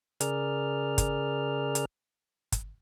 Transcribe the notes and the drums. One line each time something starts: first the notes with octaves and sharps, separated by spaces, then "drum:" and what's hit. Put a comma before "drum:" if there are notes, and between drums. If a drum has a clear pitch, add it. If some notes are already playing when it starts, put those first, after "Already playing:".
C#3 G#4 A#4 D5 F6, drum: hi-hat
drum: kick, hi-hat
drum: hi-hat
drum: kick, hi-hat